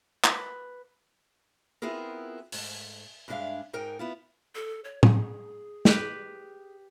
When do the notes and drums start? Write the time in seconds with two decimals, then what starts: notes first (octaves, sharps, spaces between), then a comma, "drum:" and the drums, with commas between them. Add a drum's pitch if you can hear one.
0.24 B4, drum: clap
1.82 B3 C4 E4 F4 G#4 A#4
2.52 G#2 A3, drum: open hi-hat
3.28 G2 G#3 D4 G4 E5 F5
3.73 G#2 D#4 A#4 G5
3.99 B3 E4 F4
4.55 A4
4.84 C#5
5.03 G#4, drum: tom A2
5.85 G4 B4, drum: snare